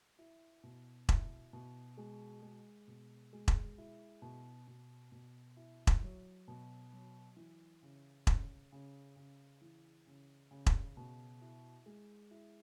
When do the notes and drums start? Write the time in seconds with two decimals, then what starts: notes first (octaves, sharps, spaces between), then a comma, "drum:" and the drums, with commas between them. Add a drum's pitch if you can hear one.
0.19 E4
0.63 B2
1.09 E4, drum: kick E1
1.53 B2
1.97 G#3
2.43 G#3
2.88 B2
3.33 G#3
3.48 drum: kick E1
3.78 E4
4.22 B2
4.67 B2
5.12 B2
5.57 E4
5.87 drum: kick E1
6.02 F#3
6.48 B2
6.93 F#3
7.36 E3
7.83 C#3
8.27 C#3, drum: kick E1
8.72 C#3
9.16 C#3
9.61 E3
10.07 C#3
10.51 C#3
10.66 drum: kick E1
10.97 B2
11.42 E4
11.86 G#3
12.31 E4